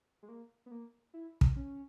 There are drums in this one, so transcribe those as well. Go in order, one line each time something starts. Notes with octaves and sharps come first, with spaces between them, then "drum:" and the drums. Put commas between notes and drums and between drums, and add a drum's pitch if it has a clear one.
G#3
A#3
B3
A#3
E4
drum: kick
C#4